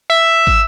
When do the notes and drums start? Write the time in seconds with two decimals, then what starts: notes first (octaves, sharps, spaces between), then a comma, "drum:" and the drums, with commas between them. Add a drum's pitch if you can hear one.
0.10 E5
0.47 drum: kick